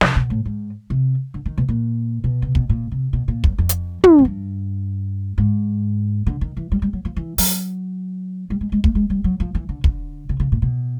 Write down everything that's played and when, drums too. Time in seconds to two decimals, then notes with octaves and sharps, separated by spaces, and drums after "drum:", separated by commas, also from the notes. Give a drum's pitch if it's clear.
0.01 C3, drum: snare
0.16 B2
0.30 A2
0.45 G#2
0.90 C3
1.34 D3
1.46 D#3
1.58 B2
1.68 A#2
2.24 B2
2.42 C3
2.55 B2, drum: kick
2.69 A#2
2.92 C3
3.13 B2
3.28 A#2
3.44 F#2, drum: kick
3.58 F2
3.69 drum: hi-hat
4.04 F2, drum: tom
4.18 G#2
4.25 G2
5.38 G#2
6.26 D3
6.41 D#3
6.57 E3
6.72 G3
6.82 G3
6.93 F#3
7.05 F3
7.17 E3
7.38 F#3, drum: open hi-hat
8.50 G3
8.61 G#3
8.72 G#3
8.84 A3, drum: kick
8.95 G#3
9.10 G3
9.24 F#3
9.40 F3
9.55 E3
9.69 D3
9.84 D3, drum: kick
10.29 C#3
10.40 C#3
10.52 A#2
10.62 B2